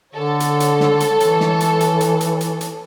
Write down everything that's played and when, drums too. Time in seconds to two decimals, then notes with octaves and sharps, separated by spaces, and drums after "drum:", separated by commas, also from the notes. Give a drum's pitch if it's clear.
0.15 D3 A4 C#5
0.40 drum: hi-hat
0.60 drum: hi-hat
0.80 drum: snare
1.00 drum: hi-hat
1.20 E3, drum: hi-hat
1.40 drum: snare
1.60 drum: hi-hat
1.80 drum: hi-hat
2.00 drum: hi-hat
2.21 drum: hi-hat
2.41 drum: hi-hat
2.61 drum: hi-hat